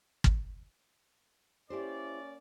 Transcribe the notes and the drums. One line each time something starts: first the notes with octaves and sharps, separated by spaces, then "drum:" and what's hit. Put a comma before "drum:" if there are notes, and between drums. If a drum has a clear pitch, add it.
drum: kick
A#3 C#4 E4 G4 C5 D5